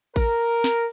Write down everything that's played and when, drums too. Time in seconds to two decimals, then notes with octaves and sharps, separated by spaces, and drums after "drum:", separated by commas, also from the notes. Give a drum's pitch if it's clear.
0.16 A#4, drum: kick A1, cymbal
0.64 drum: snare